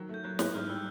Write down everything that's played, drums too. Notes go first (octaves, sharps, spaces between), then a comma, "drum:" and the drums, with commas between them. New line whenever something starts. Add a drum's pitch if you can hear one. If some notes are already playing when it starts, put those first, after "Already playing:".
Already playing: D#3 F#3
A3 G6
F#3 F#6
A2 F#6, drum: snare
G#2 F6
G3 E6